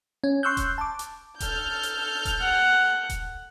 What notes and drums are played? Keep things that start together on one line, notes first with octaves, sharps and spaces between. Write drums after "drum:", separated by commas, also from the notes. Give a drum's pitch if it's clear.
C#4
C6 C#6 E6 F#6 G6
drum: kick D#1, hi-hat
A5 D6
drum: hi-hat
A4 F6 G6, drum: kick D#1, hi-hat
drum: hi-hat
drum: kick D#1, hi-hat
F#5
drum: kick D#1, hi-hat